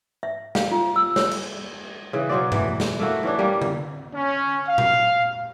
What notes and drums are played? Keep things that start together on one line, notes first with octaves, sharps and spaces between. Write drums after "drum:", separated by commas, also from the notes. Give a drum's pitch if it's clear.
E5
F5, drum: snare
F4
E6
C#5, drum: snare
drum: cymbal
C#3 E3
B2 F#3 C5 D5
E3, drum: tom G2
drum: snare
A3 A#3 E4 F#4
E3 C#4 D4
G3 A#3
drum: tom D3
C#4
F5
drum: tom A#2